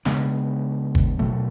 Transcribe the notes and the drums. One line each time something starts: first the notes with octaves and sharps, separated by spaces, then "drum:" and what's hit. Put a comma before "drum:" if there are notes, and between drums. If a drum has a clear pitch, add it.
C#3 G#3 B3 D4, drum: snare
drum: kick
B2 F#3 A3